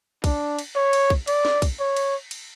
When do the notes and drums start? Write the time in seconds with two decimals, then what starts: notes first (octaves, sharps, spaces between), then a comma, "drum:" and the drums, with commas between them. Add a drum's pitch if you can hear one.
0.24 D4, drum: kick, cymbal
0.59 drum: cymbal
0.75 C#5
0.93 drum: cymbal
1.10 drum: kick
1.27 D5, drum: cymbal
1.45 drum: snare
1.62 drum: kick, cymbal
1.79 C#5
1.97 drum: cymbal
2.31 drum: cymbal